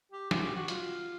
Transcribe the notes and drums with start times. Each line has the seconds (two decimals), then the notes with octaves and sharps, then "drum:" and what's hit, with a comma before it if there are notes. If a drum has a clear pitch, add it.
0.12 G4
0.31 F#4, drum: snare
0.43 G4
0.56 F#4
0.68 F4, drum: hi-hat